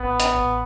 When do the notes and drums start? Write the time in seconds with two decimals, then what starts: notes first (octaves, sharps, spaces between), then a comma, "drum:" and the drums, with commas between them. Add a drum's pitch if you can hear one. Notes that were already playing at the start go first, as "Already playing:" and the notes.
Already playing: A1 B3
0.20 drum: hi-hat
0.35 A1